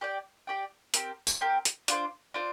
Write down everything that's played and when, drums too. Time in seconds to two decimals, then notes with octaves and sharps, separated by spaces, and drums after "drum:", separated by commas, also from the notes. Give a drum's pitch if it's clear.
0.01 G4 D5 G5
0.47 G4 D5 G5
0.94 C4 G4 A#4, drum: hi-hat
1.27 drum: tambourine
1.41 C4 G4 A#4
1.65 drum: hi-hat
1.88 D4 F4 C5, drum: hi-hat
2.34 D4 F4 C5